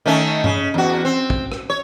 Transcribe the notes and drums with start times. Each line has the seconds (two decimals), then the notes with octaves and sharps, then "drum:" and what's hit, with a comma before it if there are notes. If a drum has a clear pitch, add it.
0.06 D#3 A3 C#4
0.44 C#3, drum: tom G2
0.74 E2 F#4
1.05 C4
1.30 drum: kick
1.52 drum: rim click
1.70 C#5